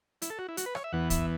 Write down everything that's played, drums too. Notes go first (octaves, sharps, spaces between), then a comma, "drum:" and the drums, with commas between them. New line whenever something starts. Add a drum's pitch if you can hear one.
E4, drum: hi-hat
A4
F#4
E4
F#4, drum: hi-hat
B4
C#5, drum: rim click
E5
E2 E3 B3 F#5
E5, drum: kick, hi-hat